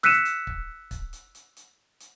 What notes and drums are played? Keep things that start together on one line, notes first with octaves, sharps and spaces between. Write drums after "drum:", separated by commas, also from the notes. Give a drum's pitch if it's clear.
E6 F#6 B6 C#7 D#7 E7, drum: snare
drum: hi-hat
drum: kick
drum: kick, hi-hat
drum: hi-hat
drum: hi-hat
drum: hi-hat
drum: hi-hat